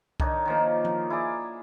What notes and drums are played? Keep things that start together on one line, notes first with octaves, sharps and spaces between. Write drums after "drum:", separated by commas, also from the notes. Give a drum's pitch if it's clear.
D#3 D4 D#4 C#5, drum: kick C2
D#3 F3 A#3
drum: tom F3
E4 G#4 D5